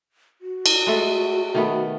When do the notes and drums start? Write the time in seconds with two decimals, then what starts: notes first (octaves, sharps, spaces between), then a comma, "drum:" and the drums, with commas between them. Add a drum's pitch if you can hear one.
0.41 F#4
0.66 drum: cymbal
0.87 G#3 A3 A4
1.55 D#3 A3 B3